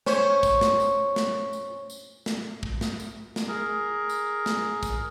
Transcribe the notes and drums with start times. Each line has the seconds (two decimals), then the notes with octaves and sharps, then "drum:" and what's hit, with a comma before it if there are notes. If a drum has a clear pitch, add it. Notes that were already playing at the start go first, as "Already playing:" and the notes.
0.06 C#4 C5 C#5, drum: snare
0.43 drum: kick, tambourine
0.61 drum: snare
0.80 drum: tambourine
1.16 drum: snare
1.53 drum: tambourine
1.90 drum: tambourine
2.26 drum: snare
2.63 drum: kick
2.81 drum: snare
2.99 drum: tambourine
3.36 drum: snare
3.48 G#4 A#4
4.09 drum: tambourine
4.46 drum: snare
4.83 drum: kick, tambourine